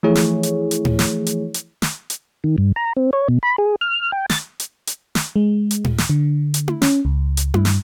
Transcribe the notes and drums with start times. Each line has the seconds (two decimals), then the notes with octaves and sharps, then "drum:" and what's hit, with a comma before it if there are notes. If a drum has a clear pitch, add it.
0.03 E3 F3 A3 E4 G#4 C#5
0.15 drum: snare
0.43 drum: hi-hat
0.71 drum: hi-hat
0.85 drum: tom A2
0.99 drum: snare
1.26 drum: hi-hat
1.54 drum: hi-hat
1.82 drum: snare
2.10 drum: hi-hat
2.44 D#3
2.58 G2
2.76 A#5
2.97 C4
3.13 C#5
3.29 B2
3.43 B5
3.58 G#4
3.81 F6
4.12 G5
4.30 A6, drum: snare
4.60 drum: hi-hat
4.87 drum: hi-hat
5.15 drum: snare
5.36 G#3
5.71 drum: hi-hat
5.84 drum: tom A2
5.98 drum: snare
6.10 D3
6.54 drum: hi-hat
6.68 drum: tom E4
6.82 C#4, drum: snare
7.05 C#2
7.37 drum: hi-hat
7.54 G2, drum: tom E4
7.65 drum: snare